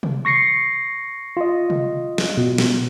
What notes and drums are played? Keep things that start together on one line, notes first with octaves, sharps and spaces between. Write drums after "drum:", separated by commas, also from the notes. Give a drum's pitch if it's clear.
drum: tom C3
C#6 A#6 C7 C#7
F4 D#5
drum: tom C3
drum: snare
B2
drum: snare